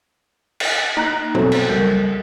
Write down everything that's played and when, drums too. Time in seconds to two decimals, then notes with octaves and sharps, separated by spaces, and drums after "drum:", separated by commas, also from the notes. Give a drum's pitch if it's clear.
0.60 drum: cymbal
0.97 A#3 D#4 A#5 F#6
1.35 A#1 F#3 B3 C4 A4 C5, drum: tom
1.52 drum: cymbal
1.69 C#2 G3 A#4 G6